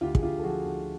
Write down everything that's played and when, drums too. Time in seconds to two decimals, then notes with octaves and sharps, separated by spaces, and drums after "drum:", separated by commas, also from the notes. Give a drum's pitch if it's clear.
0.01 D2 F4 G4
0.15 G#4, drum: kick
0.22 D2 F4 G4
0.39 A4
0.44 F3 F#4 G#4
0.65 D2